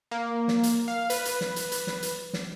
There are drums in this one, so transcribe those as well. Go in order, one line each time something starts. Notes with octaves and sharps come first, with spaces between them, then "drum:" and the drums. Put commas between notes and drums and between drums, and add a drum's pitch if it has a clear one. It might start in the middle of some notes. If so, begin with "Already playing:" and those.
A#3
drum: snare
drum: hi-hat
F5
B4, drum: hi-hat
drum: hi-hat
drum: snare
drum: hi-hat
drum: hi-hat
drum: snare
drum: hi-hat
drum: snare